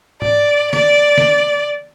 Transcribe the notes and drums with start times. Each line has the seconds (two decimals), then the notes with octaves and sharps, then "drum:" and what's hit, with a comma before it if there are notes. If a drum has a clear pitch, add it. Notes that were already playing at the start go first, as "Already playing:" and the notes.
0.22 D5, drum: tom G#2
0.73 D5, drum: snare
1.18 drum: snare